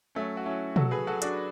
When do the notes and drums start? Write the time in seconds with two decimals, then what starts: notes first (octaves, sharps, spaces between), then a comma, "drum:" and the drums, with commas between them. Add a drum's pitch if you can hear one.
0.15 F#3 A3 C#4
0.37 F#4
0.45 F#3 C#4 E4
0.76 F#3 F#4 A4, drum: tom B2
0.91 G#4 B4
1.07 F#3 F#4 A4
1.22 D4 F#4, drum: hi-hat